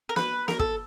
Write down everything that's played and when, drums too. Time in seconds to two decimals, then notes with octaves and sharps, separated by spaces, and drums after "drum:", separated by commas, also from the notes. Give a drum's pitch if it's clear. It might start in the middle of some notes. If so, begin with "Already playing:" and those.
0.09 A#4
0.16 B4, drum: snare
0.48 A#4, drum: snare
0.59 A4, drum: kick